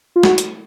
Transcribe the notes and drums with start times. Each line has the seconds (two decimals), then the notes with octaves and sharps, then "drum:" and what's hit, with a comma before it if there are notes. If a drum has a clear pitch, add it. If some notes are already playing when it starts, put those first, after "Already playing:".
0.16 F4
0.23 F#4, drum: snare
0.38 drum: hi-hat